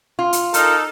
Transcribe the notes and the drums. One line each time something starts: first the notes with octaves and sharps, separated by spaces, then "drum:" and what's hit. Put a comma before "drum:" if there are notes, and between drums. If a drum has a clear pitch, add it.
F4
drum: hi-hat
D#4 A4 A#4, drum: hi-hat